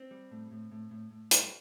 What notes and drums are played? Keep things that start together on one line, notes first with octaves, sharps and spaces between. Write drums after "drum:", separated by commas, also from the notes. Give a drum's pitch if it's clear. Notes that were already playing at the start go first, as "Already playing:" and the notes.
Already playing: C4
G3
A2
A2
A2
A2
A2
G3, drum: hi-hat